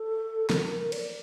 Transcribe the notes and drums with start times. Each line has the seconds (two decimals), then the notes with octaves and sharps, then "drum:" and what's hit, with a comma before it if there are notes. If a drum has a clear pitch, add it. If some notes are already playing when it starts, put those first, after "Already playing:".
Already playing: A4
0.50 A#4, drum: snare
0.71 A#4
0.92 D5, drum: cymbal